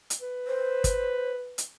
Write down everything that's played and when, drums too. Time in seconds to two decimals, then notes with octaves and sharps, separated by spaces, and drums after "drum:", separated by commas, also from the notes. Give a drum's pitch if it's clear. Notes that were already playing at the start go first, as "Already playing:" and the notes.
0.10 drum: hi-hat
0.21 B4
0.47 C5
0.84 drum: kick, hi-hat
1.58 drum: hi-hat